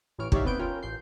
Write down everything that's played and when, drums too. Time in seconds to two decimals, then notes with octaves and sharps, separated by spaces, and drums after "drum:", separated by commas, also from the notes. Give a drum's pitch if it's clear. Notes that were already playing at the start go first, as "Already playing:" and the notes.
0.18 A1 A2 E3 C#5 F6 D7
0.32 D#4 G4 C#5 D5 E5 F5, drum: kick
0.45 B3 C4 B4 G6 D7
0.59 C#4 F4 A#4 G5
0.83 A1 G6 C7